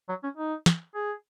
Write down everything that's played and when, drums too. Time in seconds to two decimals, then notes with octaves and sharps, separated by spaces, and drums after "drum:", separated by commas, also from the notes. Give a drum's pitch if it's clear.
0.09 F#3
0.23 C#4
0.37 D#4
0.66 drum: snare
0.95 G#4